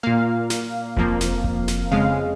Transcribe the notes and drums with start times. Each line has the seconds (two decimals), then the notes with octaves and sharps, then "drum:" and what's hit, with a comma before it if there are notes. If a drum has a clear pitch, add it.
0.03 A#2 A#3 F5
0.50 drum: snare
0.97 F2 F3 A#3, drum: kick F1
1.21 drum: snare
1.44 drum: kick F1
1.68 drum: snare
1.91 F2 C#3 G#3 F5